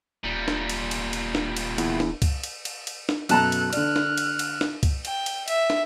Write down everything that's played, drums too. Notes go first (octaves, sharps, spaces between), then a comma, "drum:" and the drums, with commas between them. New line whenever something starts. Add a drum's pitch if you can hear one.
D#1 A#2 G3
drum: snare
drum: cymbal
drum: cymbal
drum: cymbal
drum: snare
drum: cymbal
E2, drum: cymbal
drum: snare
drum: kick, cymbal
drum: cymbal
drum: cymbal
drum: cymbal
drum: snare
F#2 B2 A4 B4 A5 A#5 F#6, drum: cymbal
drum: cymbal
D3 D5 F6 F#6, drum: cymbal
drum: snare
drum: cymbal
drum: cymbal
drum: snare
drum: kick, cymbal
G5, drum: cymbal
drum: cymbal
E5, drum: cymbal
drum: snare